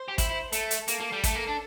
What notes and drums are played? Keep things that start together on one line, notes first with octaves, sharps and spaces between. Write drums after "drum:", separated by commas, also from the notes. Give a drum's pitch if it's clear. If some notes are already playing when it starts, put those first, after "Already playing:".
Already playing: C5
G4
E4, drum: kick, hi-hat
E4
A3 A4, drum: hi-hat
drum: hi-hat
A#3, drum: hi-hat
A#3
G3
A3 A4, drum: kick, hi-hat
A#3
D4